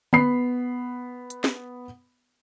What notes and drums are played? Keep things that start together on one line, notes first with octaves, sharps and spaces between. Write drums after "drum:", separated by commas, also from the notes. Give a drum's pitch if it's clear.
B3 B5 C7, drum: tom D3
drum: hi-hat
drum: snare